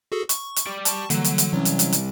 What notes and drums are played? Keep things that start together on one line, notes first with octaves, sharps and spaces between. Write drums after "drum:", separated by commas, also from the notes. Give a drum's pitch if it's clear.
F#4 G#4 A4
C#6, drum: hi-hat
drum: hi-hat
G3 D5
A5 C#6, drum: hi-hat
D3 E3 F#3 G3 A#3, drum: hi-hat
drum: hi-hat
drum: hi-hat
C2 E3 F#3 C#4
drum: hi-hat
drum: hi-hat
drum: hi-hat